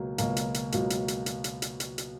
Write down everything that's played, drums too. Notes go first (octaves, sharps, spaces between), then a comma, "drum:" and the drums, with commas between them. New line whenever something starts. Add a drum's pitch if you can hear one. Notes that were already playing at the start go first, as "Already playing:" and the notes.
Already playing: C#2 B2 F#3 A#3
C#2 B2 F#3 A#3, drum: hi-hat
drum: hi-hat
drum: hi-hat
C#2 B2 F#3 A#3, drum: hi-hat
drum: hi-hat
drum: hi-hat
drum: hi-hat
drum: hi-hat
drum: hi-hat
drum: hi-hat
drum: hi-hat